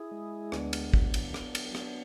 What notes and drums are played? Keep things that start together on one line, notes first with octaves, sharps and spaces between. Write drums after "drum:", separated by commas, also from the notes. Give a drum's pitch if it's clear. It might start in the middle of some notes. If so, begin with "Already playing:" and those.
Already playing: E4 G#4
G#3
D2 B3 D4, drum: rim click
drum: cymbal
F#3, drum: kick
drum: cymbal
F#3, drum: rim click
drum: cymbal
F#3, drum: rim click